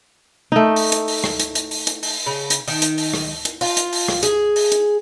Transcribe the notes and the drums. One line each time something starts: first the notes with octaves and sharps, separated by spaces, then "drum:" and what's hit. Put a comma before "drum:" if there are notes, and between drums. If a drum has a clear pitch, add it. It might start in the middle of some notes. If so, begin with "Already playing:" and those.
A3 D#4
drum: open hi-hat
drum: hi-hat
drum: open hi-hat
drum: rim click
drum: hi-hat
drum: hi-hat
drum: open hi-hat
drum: hi-hat
drum: open hi-hat
C#3
drum: hi-hat
D#3, drum: open hi-hat
drum: hi-hat
drum: open hi-hat
drum: rim click
drum: hi-hat
F4, drum: open hi-hat
drum: hi-hat
drum: open hi-hat
drum: rim click
G#4, drum: hi-hat
drum: open hi-hat
drum: hi-hat